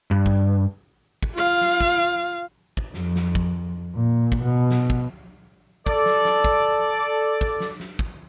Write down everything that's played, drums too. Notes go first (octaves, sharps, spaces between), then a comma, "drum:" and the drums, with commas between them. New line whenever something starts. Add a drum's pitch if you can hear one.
G2
drum: kick
drum: kick
F4 F5
drum: snare
drum: kick
drum: kick
F2, drum: snare
drum: snare
drum: kick
A#2
drum: kick
B2
drum: snare
drum: kick
A4 D5, drum: kick
drum: snare
drum: snare
drum: kick
drum: kick
drum: snare
drum: snare
drum: kick